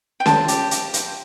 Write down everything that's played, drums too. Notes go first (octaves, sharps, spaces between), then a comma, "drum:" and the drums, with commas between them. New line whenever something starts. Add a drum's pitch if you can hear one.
G5
C5 A5, drum: snare C#4
G4, drum: hi-hat
G4, drum: hi-hat
C5, drum: hi-hat